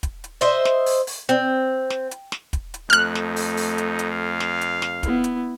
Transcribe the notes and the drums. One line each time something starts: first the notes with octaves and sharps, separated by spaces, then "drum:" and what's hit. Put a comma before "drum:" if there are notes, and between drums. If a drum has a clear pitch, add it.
drum: kick, hi-hat
drum: hi-hat
C5 D#5 E5
drum: snare
drum: open hi-hat
drum: open hi-hat
C4, drum: hi-hat
drum: snare
drum: hi-hat
drum: snare
drum: kick, hi-hat
drum: hi-hat
F2 A3 D#4 F6 F#6
drum: snare
drum: open hi-hat
drum: open hi-hat
drum: hi-hat
drum: hi-hat
F5
drum: snare
drum: hi-hat
drum: snare
B3 E4, drum: kick, hi-hat
drum: hi-hat